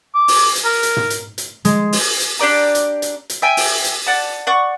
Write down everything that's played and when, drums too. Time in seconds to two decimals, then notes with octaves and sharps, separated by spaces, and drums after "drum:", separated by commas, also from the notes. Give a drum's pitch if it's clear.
0.14 D6
0.28 drum: open hi-hat
0.55 drum: hi-hat
0.65 A#4
0.83 drum: hi-hat
0.97 drum: tom
1.10 drum: hi-hat
1.38 drum: hi-hat
1.65 G#3, drum: hi-hat
1.93 drum: open hi-hat
2.20 drum: hi-hat
2.39 D4 G4 D5 A#5
2.75 drum: hi-hat
3.02 drum: hi-hat
3.30 drum: hi-hat
3.42 E5 G5 G#5
3.57 drum: open hi-hat
3.84 drum: hi-hat
4.06 D5 F#5 A5
4.47 D5 F#5 C#6